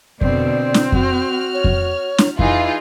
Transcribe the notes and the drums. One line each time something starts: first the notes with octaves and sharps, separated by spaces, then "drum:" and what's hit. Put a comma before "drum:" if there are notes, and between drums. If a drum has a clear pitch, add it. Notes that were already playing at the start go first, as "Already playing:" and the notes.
B2 D3 C4 D5, drum: kick F2
drum: snare
F#4 F6, drum: kick F2
C#5
drum: kick F2
drum: snare
E3 D#4 F4 G#4 F5, drum: kick F2